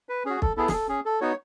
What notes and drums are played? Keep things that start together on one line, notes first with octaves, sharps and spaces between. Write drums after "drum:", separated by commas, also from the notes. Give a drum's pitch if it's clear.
B4
C#4 F#4 G#4
A4, drum: kick
B3 E4 G#4 A4
G#4, drum: snare
A4
C#4 G#4
A4
B3 D#4 F#4 C#5